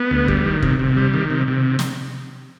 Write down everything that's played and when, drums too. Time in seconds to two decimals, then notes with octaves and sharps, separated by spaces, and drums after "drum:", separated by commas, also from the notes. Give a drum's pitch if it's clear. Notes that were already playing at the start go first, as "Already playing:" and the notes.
Already playing: B3
0.11 D2
0.28 G3, drum: kick
0.45 D#3
0.62 C3, drum: kick
0.79 C3
0.97 G3
1.14 D#3
1.30 C3
1.48 C3
1.79 drum: snare